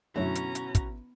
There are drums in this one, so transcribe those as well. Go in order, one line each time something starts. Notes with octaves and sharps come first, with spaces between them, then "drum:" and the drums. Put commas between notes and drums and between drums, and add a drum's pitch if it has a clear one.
F#2 B2 D3 F#3 A3 C#4 E4 A#5
drum: hi-hat
drum: hi-hat
drum: kick, hi-hat